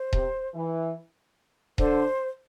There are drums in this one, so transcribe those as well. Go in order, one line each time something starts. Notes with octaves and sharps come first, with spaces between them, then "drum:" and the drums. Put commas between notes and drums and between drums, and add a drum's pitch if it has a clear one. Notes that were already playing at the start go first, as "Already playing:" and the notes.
Already playing: C5
C3, drum: kick D#1
E3
D3 C5, drum: kick D#1